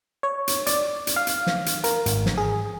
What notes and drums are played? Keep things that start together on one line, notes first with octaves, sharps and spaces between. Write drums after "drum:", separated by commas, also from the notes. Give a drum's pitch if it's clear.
C#5
drum: hi-hat
D5, drum: hi-hat
drum: hi-hat
F5
drum: hi-hat
drum: snare
drum: hi-hat
A#4, drum: hi-hat
G#1, drum: hi-hat
drum: snare
G#4